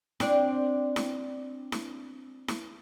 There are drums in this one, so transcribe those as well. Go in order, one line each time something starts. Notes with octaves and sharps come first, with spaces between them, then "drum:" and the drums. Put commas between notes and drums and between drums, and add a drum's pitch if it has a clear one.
C4 D4 D5, drum: snare E4
drum: snare E4
drum: snare E4
drum: snare E4